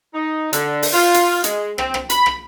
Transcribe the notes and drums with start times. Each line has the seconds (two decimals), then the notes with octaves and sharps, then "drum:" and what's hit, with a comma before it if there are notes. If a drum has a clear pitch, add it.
0.14 D#4
0.53 D3, drum: hi-hat
0.82 drum: open hi-hat
0.93 F4
1.14 drum: hi-hat
1.44 G#3, drum: hi-hat
1.78 C4, drum: rim click
1.94 drum: rim click
2.10 B5, drum: hi-hat
2.26 drum: rim click